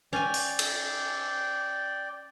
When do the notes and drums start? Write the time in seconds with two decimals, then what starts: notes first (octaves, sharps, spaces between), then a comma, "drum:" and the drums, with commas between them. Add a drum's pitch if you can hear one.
0.13 C#4 D5 G5 G#5
0.34 drum: open hi-hat
0.59 drum: cymbal